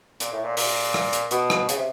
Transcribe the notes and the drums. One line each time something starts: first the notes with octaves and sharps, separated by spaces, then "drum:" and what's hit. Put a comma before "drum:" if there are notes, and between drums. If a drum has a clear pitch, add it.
A#2, drum: hi-hat
A2
A#2
A#2, drum: open hi-hat
drum: rim click
drum: hi-hat
B2, drum: hi-hat
drum: rim click
C#3, drum: hi-hat
C3